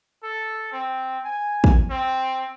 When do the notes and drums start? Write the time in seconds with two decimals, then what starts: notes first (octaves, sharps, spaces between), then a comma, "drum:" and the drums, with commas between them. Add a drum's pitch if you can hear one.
0.23 A4
0.72 C4
1.25 G#5
1.64 drum: kick
1.90 C4